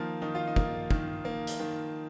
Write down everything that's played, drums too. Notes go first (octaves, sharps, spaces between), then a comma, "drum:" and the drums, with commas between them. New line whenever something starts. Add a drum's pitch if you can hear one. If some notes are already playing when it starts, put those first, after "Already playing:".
Already playing: D#3 F3 A#3 D#4 F4
D#3 D#4
F4
D#4
A#3, drum: kick
D#3, drum: kick
A#3
drum: hi-hat
D#3